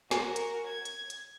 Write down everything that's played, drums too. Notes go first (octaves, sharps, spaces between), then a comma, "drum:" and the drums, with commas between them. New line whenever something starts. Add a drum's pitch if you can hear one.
F#4 A#4 G#5, drum: snare
drum: hi-hat
G#6
drum: hi-hat
drum: hi-hat